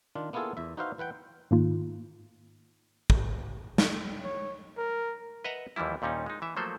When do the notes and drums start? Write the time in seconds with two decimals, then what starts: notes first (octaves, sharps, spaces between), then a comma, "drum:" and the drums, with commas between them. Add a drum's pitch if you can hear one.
0.15 D#3 D4 F4
0.33 A#3 B3 E4 F4 G#4 A4
0.57 E2 E5
0.77 D#4 F#4 B4 C5 E5 F5
0.98 E3 B4 F#5 G5
1.51 G#2 D#3 A#3 D#4 F4
3.10 drum: kick
3.78 drum: snare
4.24 C#5
4.78 A#4
5.44 B4 D#5 E5 F#5 A#5
5.76 D#2 E3 F3 G3 E4
6.02 D#2 A#2 G3 C#4 D#4
6.26 G#3 D#4
6.42 E3 E5
6.57 F3 F#3 A3 A#3 A4 C5